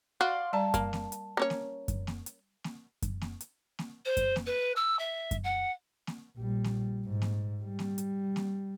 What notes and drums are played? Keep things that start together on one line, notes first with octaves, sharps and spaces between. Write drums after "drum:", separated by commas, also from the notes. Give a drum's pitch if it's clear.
F#4 D5 F5 C6
G3 D5 A5 A#5
A#3, drum: kick F#2, hi-hat
drum: snare A#3
drum: hi-hat
A#3 C#4 C#5
drum: snare A#3
drum: kick F#2, hi-hat
drum: snare A#3
drum: hi-hat
drum: snare A#3
drum: kick F#2, hi-hat
drum: snare A#3
drum: hi-hat
drum: snare A#3
C5
drum: kick F#2, hi-hat
drum: snare A#3
B4
E6
E5
drum: kick F#2, hi-hat
F#5
drum: snare A#3
A#1 G3
drum: snare A#3
G#2
drum: snare A#3
G3
drum: snare A#3
drum: hi-hat
drum: snare A#3